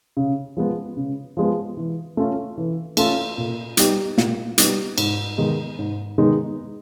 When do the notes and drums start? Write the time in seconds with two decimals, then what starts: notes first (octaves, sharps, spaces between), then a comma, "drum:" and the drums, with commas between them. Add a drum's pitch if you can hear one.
0.17 C#3
0.57 F3 G#3 B3
0.97 C#3
1.37 F3 G#3 B3
1.77 E3
2.17 A3 C#4 F4 A4
2.57 E3
2.97 A3 C#4 F4 A4, drum: cymbal
3.38 A#2
3.77 G3 B3 D#4 G4, drum: hi-hat
4.18 A#2, drum: snare
4.58 G3 B3 D#4 G4, drum: hi-hat
4.98 G#2, drum: cymbal
5.38 D#3 G#3 B3 D#4
5.79 G#2
6.18 D#3 G#3 B3 D#4